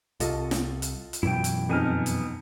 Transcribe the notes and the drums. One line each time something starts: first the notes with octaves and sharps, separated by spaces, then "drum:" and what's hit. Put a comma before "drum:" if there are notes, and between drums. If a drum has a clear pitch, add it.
C2 F4 A4 D#5, drum: hi-hat
drum: snare
drum: hi-hat
drum: hi-hat
F#2 B2 E3 E4 G5
drum: hi-hat
F2 B3 D#4 G#5 F6
drum: hi-hat